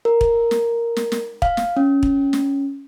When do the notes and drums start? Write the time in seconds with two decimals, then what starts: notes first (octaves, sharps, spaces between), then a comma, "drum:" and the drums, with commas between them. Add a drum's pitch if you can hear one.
0.05 A#4
0.21 drum: kick
0.51 drum: snare
0.96 drum: snare
1.12 drum: snare
1.42 F5, drum: kick
1.57 drum: snare
1.77 C#4
2.03 drum: kick
2.33 drum: snare